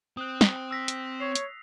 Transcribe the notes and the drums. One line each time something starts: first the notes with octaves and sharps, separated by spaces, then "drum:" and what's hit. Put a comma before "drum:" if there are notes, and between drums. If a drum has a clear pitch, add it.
C4 D#6 F#6
drum: snare
E6 A#6 B6
drum: hi-hat
C#5 C7 F7
drum: hi-hat